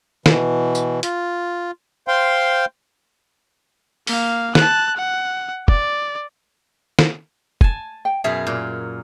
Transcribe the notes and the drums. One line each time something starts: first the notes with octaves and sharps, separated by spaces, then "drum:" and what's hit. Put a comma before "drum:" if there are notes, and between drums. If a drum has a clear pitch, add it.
B2 E3, drum: snare
drum: tambourine
F4, drum: hi-hat
C5 F5 G5 C6
A#3 F5, drum: open hi-hat
A5 F#6, drum: snare
F#5
D5, drum: kick
drum: snare
G#5 A5, drum: kick
G5
F#2 B2 G#4 E5
A#2